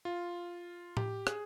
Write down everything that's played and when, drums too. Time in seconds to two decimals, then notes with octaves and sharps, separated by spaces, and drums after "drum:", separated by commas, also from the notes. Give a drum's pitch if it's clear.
0.05 F4
0.97 G4, drum: tom A2
1.27 G#4, drum: rim click